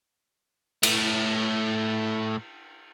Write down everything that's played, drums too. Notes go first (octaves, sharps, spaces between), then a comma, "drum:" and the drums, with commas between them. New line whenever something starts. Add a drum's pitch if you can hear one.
A2 A3, drum: cymbal